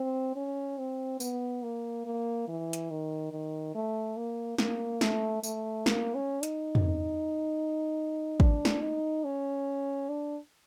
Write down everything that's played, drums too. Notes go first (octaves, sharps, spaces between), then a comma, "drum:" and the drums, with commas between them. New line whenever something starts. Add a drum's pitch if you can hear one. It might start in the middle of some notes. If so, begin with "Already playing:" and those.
Already playing: C4
C#4
C4
B3, drum: tambourine
A#3
A#3
E3
drum: hi-hat
D#3
D#3
A3
A#3
A#3, drum: snare
A3, drum: snare
A3, drum: tambourine
A#3, drum: snare
C#4
D#4, drum: hi-hat
drum: tom
D4, drum: kick
drum: snare
D#4
C#4
D4